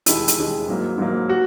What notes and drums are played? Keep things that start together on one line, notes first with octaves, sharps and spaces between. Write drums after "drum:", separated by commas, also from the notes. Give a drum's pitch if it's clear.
E1 D#2 D#3 G#3 E4, drum: hi-hat
drum: hi-hat
E1 D#2 D#3 G#3
G#2 F#3 A#3
G#2 F#3 A#3
F#4